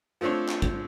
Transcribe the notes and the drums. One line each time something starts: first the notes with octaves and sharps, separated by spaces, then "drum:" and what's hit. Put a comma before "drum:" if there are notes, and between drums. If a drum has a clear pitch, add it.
F3 A3 C4 D4 C#5
drum: clap
drum: kick